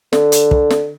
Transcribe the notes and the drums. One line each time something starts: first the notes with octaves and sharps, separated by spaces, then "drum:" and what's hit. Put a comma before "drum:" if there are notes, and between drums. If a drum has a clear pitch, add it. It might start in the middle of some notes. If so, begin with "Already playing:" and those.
D3, drum: snare
drum: hi-hat
drum: kick
drum: snare